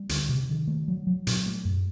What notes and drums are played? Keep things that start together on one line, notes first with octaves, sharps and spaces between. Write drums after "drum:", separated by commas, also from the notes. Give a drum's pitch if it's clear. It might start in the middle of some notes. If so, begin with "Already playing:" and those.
Already playing: G3
D2, drum: hi-hat
C3
D#3
A3
F#3
F#3
A#2, drum: hi-hat
A3
F#2